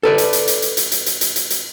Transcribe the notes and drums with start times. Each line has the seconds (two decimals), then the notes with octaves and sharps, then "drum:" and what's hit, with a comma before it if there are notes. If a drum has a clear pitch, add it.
0.03 A4 B4 D5
0.18 drum: hi-hat
0.33 drum: hi-hat
0.48 drum: hi-hat
0.62 drum: hi-hat
0.77 drum: hi-hat
0.92 drum: hi-hat
1.06 drum: hi-hat
1.21 drum: hi-hat
1.36 drum: hi-hat
1.50 drum: hi-hat